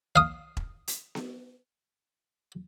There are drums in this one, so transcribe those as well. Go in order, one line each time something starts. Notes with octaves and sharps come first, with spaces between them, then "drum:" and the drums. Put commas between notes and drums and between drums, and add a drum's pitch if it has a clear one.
F5 D#6
drum: kick E1
drum: hi-hat
drum: snare B3